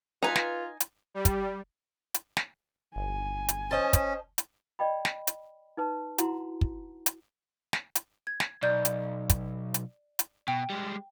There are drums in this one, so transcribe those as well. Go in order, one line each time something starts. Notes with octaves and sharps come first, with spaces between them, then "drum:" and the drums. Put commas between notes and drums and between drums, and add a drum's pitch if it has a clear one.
D#4 F4 B4 G#5 A#5
drum: snare
drum: hi-hat
G3
drum: kick, hi-hat
drum: hi-hat
drum: snare
G1 G#5
drum: hi-hat
C#4 C5 D#5 A5
drum: kick, hi-hat
drum: hi-hat
D5 D#5 G5 B5
drum: snare
drum: hi-hat
D#4 B4 A5
E4 F#4 F#5 A#5 C6, drum: hi-hat
drum: kick
drum: hi-hat
drum: snare
drum: hi-hat
G#6
drum: snare
B1 D5 G6
drum: hi-hat
drum: kick, hi-hat
drum: hi-hat
drum: hi-hat
B2 G5
G3 G#3